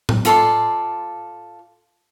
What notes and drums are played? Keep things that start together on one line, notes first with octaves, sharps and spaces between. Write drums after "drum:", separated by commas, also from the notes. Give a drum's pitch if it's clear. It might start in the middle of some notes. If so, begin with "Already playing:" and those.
drum: tom A2
F4 A4 D5 C6, drum: hi-hat